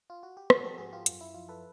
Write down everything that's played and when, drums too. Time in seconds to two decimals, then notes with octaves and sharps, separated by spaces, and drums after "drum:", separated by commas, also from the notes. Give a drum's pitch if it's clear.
0.10 F4
0.23 F#4
0.37 G4
0.50 F3 F#4 G#4, drum: rim click
0.64 G4 A4
0.78 G#2 F#4 G#4
0.92 F4 G4
1.06 F#2 F4, drum: hi-hat
1.21 E4
1.34 F3 F4
1.49 A4 B4